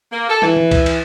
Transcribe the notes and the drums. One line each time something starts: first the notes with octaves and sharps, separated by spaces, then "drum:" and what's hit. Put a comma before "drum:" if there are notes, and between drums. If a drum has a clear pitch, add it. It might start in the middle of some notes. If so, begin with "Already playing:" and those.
A#3
A4
E3, drum: snare
drum: tom
drum: kick C2, cymbal
drum: cymbal